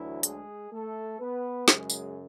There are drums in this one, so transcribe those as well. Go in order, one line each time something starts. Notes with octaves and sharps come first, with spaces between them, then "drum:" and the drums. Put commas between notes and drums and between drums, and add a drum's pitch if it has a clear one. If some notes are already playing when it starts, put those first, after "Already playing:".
Already playing: D2 D3 E3 F#3 E4
G#3 G#4, drum: hi-hat
A3 A4
B3 B4
F#2 C#3 F#3 G#3 G#4, drum: snare
drum: tambourine